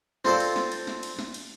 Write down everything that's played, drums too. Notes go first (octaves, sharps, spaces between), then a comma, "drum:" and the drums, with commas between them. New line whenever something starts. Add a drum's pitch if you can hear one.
C4 F4 A4 C5 D5, drum: snare
drum: cymbal
drum: snare
drum: cymbal
drum: snare
drum: cymbal
drum: snare
drum: cymbal